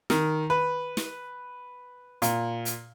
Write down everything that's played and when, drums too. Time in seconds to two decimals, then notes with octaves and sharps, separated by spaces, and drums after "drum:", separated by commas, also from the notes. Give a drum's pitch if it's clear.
0.10 D#3, drum: snare
0.50 B4
0.97 drum: snare
2.22 A#2, drum: hi-hat
2.65 drum: hi-hat